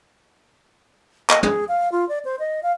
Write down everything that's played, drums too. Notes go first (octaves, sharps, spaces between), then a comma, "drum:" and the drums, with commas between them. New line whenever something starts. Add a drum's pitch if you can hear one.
D#5, drum: clap
G#4, drum: tom
F5
F4
D5
C5
D#5
F5